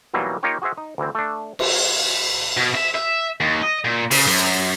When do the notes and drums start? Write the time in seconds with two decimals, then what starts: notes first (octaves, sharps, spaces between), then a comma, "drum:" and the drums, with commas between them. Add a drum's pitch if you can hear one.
0.14 B2 E3 F#3 G3 A#3 D#4
0.43 A#3 D#4 F4 G4 C#5 G5
0.62 F#4 G#4 C5 E5 F#5
0.77 D#4
0.98 D2 E3 C4
1.15 A3 D4
1.59 drum: cymbal
2.57 B2
2.75 E5
2.95 E5
3.40 D#2
3.62 D#5
3.85 A#2
4.11 C#3, drum: open hi-hat
4.27 F#2